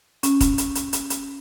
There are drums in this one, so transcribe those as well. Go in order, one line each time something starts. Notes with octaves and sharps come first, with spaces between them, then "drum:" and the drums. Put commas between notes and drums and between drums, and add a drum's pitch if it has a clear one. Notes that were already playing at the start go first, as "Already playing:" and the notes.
C#4, drum: hi-hat
drum: kick, hi-hat
drum: hi-hat
drum: hi-hat
drum: hi-hat
drum: hi-hat